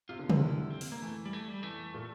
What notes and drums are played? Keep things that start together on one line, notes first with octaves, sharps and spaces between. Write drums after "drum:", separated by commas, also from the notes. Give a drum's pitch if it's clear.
C3 F4
D3
C3, drum: tom
D3 E4
C4
A#3, drum: open hi-hat
A#3
E3 A3
G3
A3
G3
E3 A3
A#2